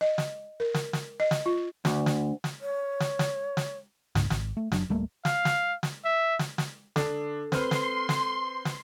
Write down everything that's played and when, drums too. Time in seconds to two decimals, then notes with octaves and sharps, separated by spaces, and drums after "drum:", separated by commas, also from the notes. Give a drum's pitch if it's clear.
0.01 D#5
0.18 drum: snare
0.60 A#4
0.74 drum: snare
0.93 drum: snare
1.20 D#5
1.31 drum: snare
1.46 F4
1.85 D2, drum: snare
2.06 drum: snare
2.44 drum: snare
2.61 C#5
3.00 drum: snare
3.19 drum: snare
3.57 drum: snare
4.15 F#1 C#2 G#2, drum: snare
4.30 G#1, drum: snare
4.57 A3
4.72 F#1 F#3 D4, drum: snare
4.90 D1 G3 A3 A#3
5.25 F5, drum: snare
5.45 drum: snare
5.83 drum: snare
6.05 E5
6.39 drum: snare
6.58 drum: snare
6.96 D3 D4 A4, drum: snare
7.52 C4 B4 C6 F6, drum: snare
7.71 drum: snare
8.09 drum: snare
8.65 drum: snare